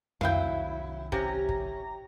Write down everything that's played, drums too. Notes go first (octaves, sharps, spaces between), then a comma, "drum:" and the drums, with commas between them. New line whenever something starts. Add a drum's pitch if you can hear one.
C2 D#3 F#3 E4 F5 G5, drum: tom F2
C3 C#4 G4 A#5 A#6, drum: kick
drum: kick